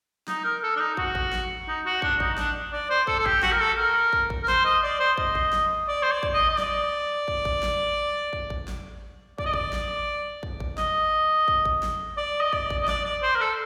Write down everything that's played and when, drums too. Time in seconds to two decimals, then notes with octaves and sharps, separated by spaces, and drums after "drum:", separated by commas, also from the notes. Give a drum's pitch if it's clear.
0.28 D#4, drum: snare
0.44 A#4
0.63 A4
0.76 D4
0.80 D#4
0.97 F#4, drum: kick
1.15 drum: kick
1.33 drum: snare
1.68 D#4
1.86 F#4
2.02 D4, drum: kick
2.20 D#4, drum: kick
2.38 D4, drum: snare
2.73 D5
2.90 C5
3.07 A4, drum: kick
3.19 A4
3.26 G4, drum: kick
3.43 F#4, drum: snare
3.52 A#4
3.61 A4
3.78 A#4
4.13 drum: kick
4.30 drum: kick
4.43 A#4
4.48 C5, drum: snare
4.65 D#5
4.83 D5
5.00 C5
5.18 D#5, drum: kick
5.35 drum: kick
5.53 drum: snare
5.88 D5
6.03 C5
6.11 D5
6.23 drum: kick
6.34 D#5
6.49 D#5
6.58 D5, drum: snare
7.28 drum: kick
7.45 drum: kick
7.63 drum: snare
8.33 drum: kick
8.50 drum: kick
8.68 drum: snare
9.38 D5, drum: kick
9.45 D#5
9.54 D5, drum: kick
9.73 drum: snare
10.43 drum: kick
10.60 drum: kick
10.78 D#5, drum: snare
11.48 drum: kick
11.65 drum: kick
11.83 drum: snare
12.17 D5
12.41 D#5
12.53 D5, drum: kick
12.70 drum: kick
12.83 D#5
12.88 D5, drum: snare
13.05 D5
13.23 C5
13.35 A#4
13.41 A4